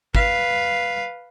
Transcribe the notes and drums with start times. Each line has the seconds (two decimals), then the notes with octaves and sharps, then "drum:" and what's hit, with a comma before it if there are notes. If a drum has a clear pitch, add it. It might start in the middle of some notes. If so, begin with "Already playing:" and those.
0.15 B4 F5, drum: kick